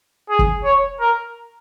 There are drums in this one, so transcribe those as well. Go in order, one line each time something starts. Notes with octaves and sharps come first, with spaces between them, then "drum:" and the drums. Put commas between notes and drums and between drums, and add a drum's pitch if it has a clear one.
G#4
drum: kick
C#5
A#4